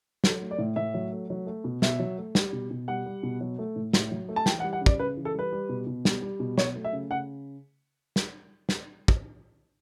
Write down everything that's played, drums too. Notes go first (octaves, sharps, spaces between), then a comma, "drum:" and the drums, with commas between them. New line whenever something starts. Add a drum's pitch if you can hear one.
F#3 A4, drum: snare
A3
D5
A2
A2 E5
F#3
A3
F#3
A3
B2
B2 E5, drum: snare
F#3
A3
G3, drum: snare
B2
B2
G3 F#5
G3
B2
F#3
A3
A2
A2, drum: snare
F#3
A3
A5
E3 G5, drum: snare
F#5
G3
F#5
C#3
D5, drum: kick
C#3 B4
E3
A4
G3 B4
G3
B2
B2
G3, drum: snare
G3
B2
F#3 C#5, drum: snare
A3
E5
C#3
C#3 F#5
drum: snare
drum: snare
drum: kick